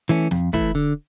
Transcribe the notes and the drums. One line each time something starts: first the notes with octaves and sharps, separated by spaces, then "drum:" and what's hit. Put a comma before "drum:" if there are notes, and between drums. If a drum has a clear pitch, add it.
E3 A3 C#4
F2, drum: snare
E3 A3 E4, drum: kick
D3